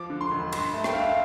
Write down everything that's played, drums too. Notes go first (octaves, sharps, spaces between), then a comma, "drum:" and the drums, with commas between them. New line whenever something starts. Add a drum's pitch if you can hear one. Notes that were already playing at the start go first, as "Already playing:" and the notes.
Already playing: F3 D6
D3
C6
E1
G2 C6, drum: cymbal
A3
G5, drum: rim click
G2 F5
E5
F5